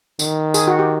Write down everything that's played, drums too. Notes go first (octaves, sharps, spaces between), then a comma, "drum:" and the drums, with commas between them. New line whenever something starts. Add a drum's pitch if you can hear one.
D#3, drum: tambourine
G#4, drum: tambourine
F#4
G4